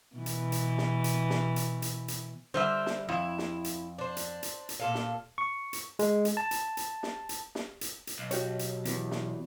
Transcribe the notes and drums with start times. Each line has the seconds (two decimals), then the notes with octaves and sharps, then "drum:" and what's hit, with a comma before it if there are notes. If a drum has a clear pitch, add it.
0.16 B2 E3
0.26 drum: hi-hat
0.52 drum: hi-hat
0.78 drum: snare
1.04 drum: hi-hat
1.30 drum: snare
1.56 drum: hi-hat
1.82 drum: hi-hat
2.08 drum: hi-hat
2.54 D3 G3 C5 E5
2.86 drum: snare
3.09 F2 E4
3.38 drum: snare
3.64 drum: hi-hat
3.98 D4 C5
4.17 drum: hi-hat
4.43 drum: hi-hat
4.69 drum: hi-hat
4.80 A#2 A4 F5
4.95 drum: snare
5.38 C#6
5.73 drum: hi-hat
5.99 G#3, drum: hi-hat
6.25 drum: hi-hat
6.37 A5
6.51 drum: hi-hat
6.77 drum: hi-hat
7.03 drum: snare
7.29 drum: hi-hat
7.55 drum: snare
7.81 drum: hi-hat
8.07 drum: hi-hat
8.19 B1
8.31 F#4 G4 C#5, drum: hi-hat
8.59 drum: hi-hat
8.85 E2, drum: hi-hat
9.11 drum: snare